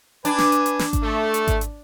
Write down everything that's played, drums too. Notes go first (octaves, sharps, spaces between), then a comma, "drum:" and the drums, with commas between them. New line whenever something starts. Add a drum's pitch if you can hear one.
D4 B4 G#5, drum: hi-hat
drum: snare
drum: hi-hat
drum: hi-hat
drum: snare
drum: kick G#1, hi-hat
A3
drum: hi-hat
drum: kick G#1, hi-hat
drum: hi-hat